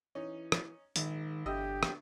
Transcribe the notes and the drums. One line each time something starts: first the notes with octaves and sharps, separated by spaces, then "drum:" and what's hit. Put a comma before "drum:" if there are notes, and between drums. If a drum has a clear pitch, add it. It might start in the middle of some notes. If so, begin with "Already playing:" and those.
E3 C#4 D#4
drum: rim click
A#1 G#2 D#3, drum: hi-hat
G1 E2 D3 G4 D#5 E6
drum: rim click